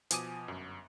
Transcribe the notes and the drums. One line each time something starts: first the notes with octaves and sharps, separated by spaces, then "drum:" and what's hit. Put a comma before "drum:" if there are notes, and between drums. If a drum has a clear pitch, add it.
B2 F3 G#5 D6 D#6 D#7, drum: hi-hat
G1 F#2